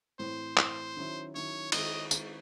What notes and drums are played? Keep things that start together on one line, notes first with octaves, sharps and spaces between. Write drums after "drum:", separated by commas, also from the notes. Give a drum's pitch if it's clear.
A2 E3 C4 C5
A2 E3 C4 C5, drum: clap
D#3 F#3 C#4 E4
D#3 F#3 C#4 E4 C#5
D#3 G#3 C4 E4 D#5, drum: cymbal
D#3 G#3 C4 E4, drum: tambourine